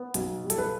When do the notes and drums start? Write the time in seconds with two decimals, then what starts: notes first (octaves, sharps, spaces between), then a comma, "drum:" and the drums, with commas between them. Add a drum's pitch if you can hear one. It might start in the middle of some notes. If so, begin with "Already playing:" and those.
Already playing: B3
0.14 B1, drum: hi-hat
0.44 G3
0.50 A4, drum: hi-hat
0.58 B4